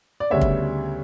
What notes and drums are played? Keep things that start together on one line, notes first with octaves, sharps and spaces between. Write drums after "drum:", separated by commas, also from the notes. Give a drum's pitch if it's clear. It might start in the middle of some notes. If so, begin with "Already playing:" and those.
D5
D2 C#3 G3 B3 C#5 E5
drum: kick